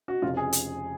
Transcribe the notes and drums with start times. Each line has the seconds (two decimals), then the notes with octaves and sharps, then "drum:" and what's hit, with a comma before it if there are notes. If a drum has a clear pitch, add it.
0.08 F#4
0.22 F1 F2 C#3 F4
0.37 G#4
0.53 drum: hi-hat